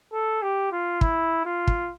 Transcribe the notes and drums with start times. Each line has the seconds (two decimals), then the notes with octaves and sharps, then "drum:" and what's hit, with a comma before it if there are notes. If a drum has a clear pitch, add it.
0.13 A4
0.42 G4
0.72 F4
1.01 E4, drum: kick
1.45 F4
1.67 drum: kick